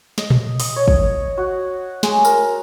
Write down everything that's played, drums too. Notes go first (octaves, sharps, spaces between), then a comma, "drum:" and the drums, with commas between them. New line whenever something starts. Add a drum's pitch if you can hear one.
D#5, drum: snare
drum: tom A#2
D#6, drum: open hi-hat
C#5
drum: kick
F#4
G#3, drum: snare
A#4, drum: tambourine